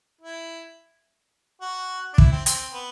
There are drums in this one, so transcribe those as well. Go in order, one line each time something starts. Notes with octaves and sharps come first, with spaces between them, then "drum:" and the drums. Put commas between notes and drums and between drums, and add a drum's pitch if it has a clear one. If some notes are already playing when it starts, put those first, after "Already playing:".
E4
F#4
D4
E4, drum: kick
C4
C4, drum: hi-hat
B3